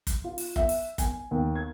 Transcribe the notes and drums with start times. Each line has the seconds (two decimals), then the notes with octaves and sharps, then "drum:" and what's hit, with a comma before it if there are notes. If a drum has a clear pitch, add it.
0.07 drum: kick, hi-hat
0.24 F4
0.38 drum: open hi-hat
0.56 E5, drum: kick
0.69 drum: open hi-hat
0.98 G#5, drum: kick, hi-hat
1.31 D#2
1.55 G#6